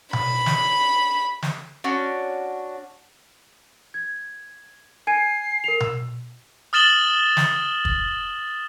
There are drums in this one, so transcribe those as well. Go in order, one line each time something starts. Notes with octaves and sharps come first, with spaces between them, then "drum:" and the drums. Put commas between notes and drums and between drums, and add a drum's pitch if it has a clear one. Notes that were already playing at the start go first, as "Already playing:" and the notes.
B5, drum: tom B2
drum: snare
drum: snare
C#4 D4 F#4
G#6
G#5 G#6 C7 D#7
A#4 F7
E6, drum: tom B2
D#6 F6 A6 E7 F#7 G7
drum: snare
drum: kick